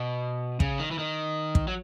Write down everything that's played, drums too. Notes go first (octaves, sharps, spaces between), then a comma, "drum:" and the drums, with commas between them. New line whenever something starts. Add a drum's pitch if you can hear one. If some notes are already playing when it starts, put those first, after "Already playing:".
Already playing: B2
C#3, drum: kick
D#3
E3
D#3
drum: kick
F#3